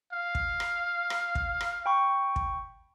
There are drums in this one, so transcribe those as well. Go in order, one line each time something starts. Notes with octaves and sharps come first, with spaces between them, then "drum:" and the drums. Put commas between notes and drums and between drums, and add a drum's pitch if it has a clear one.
F5
drum: kick
drum: rim click
drum: rim click
drum: kick
drum: rim click
G5 B5 C#6
drum: kick